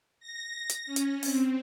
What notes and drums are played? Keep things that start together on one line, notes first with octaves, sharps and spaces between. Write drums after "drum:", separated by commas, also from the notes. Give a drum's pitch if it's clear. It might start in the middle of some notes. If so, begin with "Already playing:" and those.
A#6
drum: hi-hat
C#4
drum: hi-hat
C4, drum: open hi-hat